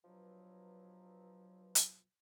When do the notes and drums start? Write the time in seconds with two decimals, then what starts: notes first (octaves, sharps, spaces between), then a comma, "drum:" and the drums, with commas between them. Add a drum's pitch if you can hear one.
0.05 G2 B2 F3 F#3
1.75 drum: hi-hat